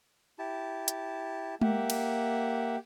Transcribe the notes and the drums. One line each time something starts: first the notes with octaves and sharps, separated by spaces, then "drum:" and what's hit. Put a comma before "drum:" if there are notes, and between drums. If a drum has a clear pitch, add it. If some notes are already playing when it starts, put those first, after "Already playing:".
E4 G4 A5
drum: hi-hat
A#3 G4 E5 F#5, drum: tom G#3
drum: cymbal